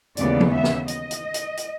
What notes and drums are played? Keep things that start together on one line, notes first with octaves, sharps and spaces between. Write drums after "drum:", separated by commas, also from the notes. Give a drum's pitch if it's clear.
D#2 C#3 E3 G#3 B3 D5, drum: hi-hat
drum: tom
E5
drum: snare
D#5, drum: hi-hat
drum: hi-hat
drum: hi-hat
drum: hi-hat